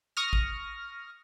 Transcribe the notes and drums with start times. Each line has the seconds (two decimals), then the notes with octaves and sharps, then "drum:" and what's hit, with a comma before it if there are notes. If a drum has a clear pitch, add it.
0.17 C#6 D#6 F6 A#6
0.33 drum: kick A1